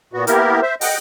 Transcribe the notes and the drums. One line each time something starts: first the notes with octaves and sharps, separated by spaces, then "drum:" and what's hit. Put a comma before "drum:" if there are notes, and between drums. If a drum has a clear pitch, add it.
A#2 B3 F#4
A#3 B3 E4 G4 A#4, drum: hi-hat
C5 E5
D#5 F#5 G5, drum: open hi-hat